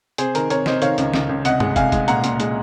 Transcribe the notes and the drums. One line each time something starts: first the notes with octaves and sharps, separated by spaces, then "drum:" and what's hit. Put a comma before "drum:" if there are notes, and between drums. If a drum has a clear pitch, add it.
C3 G#4 C5, drum: hi-hat
D#3 A#4, drum: hi-hat
C3 A#4 C#5, drum: hi-hat
C3 C5 D#5, drum: snare
D#3 C#5 F5, drum: hi-hat
C#2, drum: hi-hat
C#2, drum: snare
C#2
C2 D#5 F#5, drum: hi-hat
G#3, drum: tom G2
C2 F5 G#5, drum: kick, hi-hat
G#3, drum: kick, hi-hat
A#2 F#5 A#5, drum: hi-hat
A#2, drum: hi-hat
G#3, drum: hi-hat